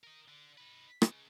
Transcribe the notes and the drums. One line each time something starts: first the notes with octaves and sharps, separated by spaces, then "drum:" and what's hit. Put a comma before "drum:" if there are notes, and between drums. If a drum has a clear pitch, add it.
A#4 D#5
D3
D#4 B4
C#2 C#3, drum: rim click